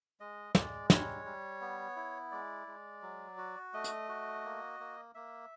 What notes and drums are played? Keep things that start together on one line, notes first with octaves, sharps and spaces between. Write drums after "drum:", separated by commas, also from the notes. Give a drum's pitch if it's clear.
G#3 D#5
G#3 D5, drum: snare
G3 C#5, drum: snare
G3
B3
E4
G#3 D5
G#3
F#3
F#4
A3 D#5
drum: hi-hat
F#4
A#3
A#3
A#3 E5